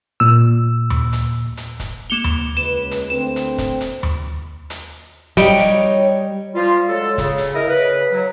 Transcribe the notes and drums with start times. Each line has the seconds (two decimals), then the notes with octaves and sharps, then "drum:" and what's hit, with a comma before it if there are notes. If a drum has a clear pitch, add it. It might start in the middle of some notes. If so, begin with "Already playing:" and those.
0.20 A#2 E6
0.90 drum: tom D#2
1.13 drum: hi-hat
1.57 drum: hi-hat
1.80 drum: kick, hi-hat
2.10 A#3 C#7 E7 F7 G7
2.24 drum: tom D#2
2.57 C#2 B4 E7
2.91 drum: hi-hat
3.10 D2 C4 E7
3.36 drum: hi-hat
3.58 drum: kick, hi-hat
3.81 drum: hi-hat
4.03 drum: tom D#2
4.70 drum: hi-hat
5.37 G3 D#4 C#5 G5, drum: kick, hi-hat
5.59 drum: hi-hat
6.55 F3 G3 F4
6.88 F#3 G#3 A4
7.18 C#3, drum: kick, hi-hat
7.38 drum: hi-hat
7.54 E4 A#4 D#5
7.69 C#3 B4
8.12 F#3